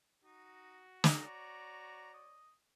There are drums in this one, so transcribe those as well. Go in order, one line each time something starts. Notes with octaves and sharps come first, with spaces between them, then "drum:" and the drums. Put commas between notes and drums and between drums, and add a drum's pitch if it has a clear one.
D#4 F#4
C#5 D5 A#5, drum: snare
D#5